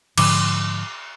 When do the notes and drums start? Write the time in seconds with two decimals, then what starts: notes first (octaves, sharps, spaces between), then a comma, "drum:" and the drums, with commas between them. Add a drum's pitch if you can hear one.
0.18 G#2 D3 F3 D6, drum: cymbal